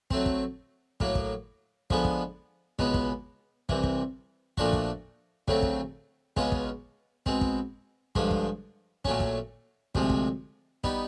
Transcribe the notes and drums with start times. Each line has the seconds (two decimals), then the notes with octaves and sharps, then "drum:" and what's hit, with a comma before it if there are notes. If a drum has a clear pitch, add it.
0.11 F#3 A3 C4, drum: kick
0.26 drum: kick
1.00 A2 F#3 A#3, drum: kick
1.15 drum: kick
1.90 D3 F3 G#3 B3, drum: kick
2.05 drum: kick
2.79 C#2 B2 G#3 B3, drum: kick
2.94 drum: kick
3.69 C2 C3 E3, drum: kick
3.84 drum: kick
4.57 A#2 F3 A3 D4 F#4, drum: kick
4.73 drum: kick
5.48 D2 C#3 F#3 A3 C4, drum: kick
5.62 drum: kick
6.37 C#2 B2 G#3 C#4 F4, drum: kick
6.52 drum: kick
7.26 B2 G#3 C4, drum: kick
7.41 drum: kick
8.15 G2 D3 F3 G#3, drum: kick
8.31 drum: kick
9.05 A#2 F#3 A3 C#4, drum: kick
9.20 drum: kick
9.95 D2 C3 F3 G#3, drum: kick
10.10 drum: kick
10.84 G3 B3 D#4, drum: kick